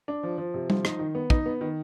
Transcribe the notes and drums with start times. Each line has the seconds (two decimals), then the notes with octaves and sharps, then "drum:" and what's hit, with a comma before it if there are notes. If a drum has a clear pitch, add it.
0.08 D4
0.23 F3
0.38 F3
0.54 C3
0.70 F3, drum: tom G3
0.85 D#4, drum: rim click
0.99 D#3
1.15 B3
1.30 D#4, drum: kick
1.46 B3
1.61 D#3